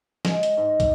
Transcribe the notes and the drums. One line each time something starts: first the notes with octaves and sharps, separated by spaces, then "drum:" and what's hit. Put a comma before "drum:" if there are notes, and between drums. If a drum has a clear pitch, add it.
G#3, drum: snare
drum: hi-hat
G#2
drum: kick, hi-hat